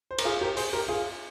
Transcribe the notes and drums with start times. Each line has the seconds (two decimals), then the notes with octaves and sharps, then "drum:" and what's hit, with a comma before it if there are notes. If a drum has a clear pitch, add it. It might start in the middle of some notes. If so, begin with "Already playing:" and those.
0.11 C5
0.18 A#4, drum: cymbal
0.25 F4 G#4
0.41 G4 A#4
0.57 G#4 C5, drum: open hi-hat
0.73 G4 A#4
0.88 F4 G#4